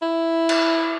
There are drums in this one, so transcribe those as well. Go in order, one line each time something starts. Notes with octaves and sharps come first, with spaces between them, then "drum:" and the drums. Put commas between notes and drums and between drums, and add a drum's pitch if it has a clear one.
E4
drum: cymbal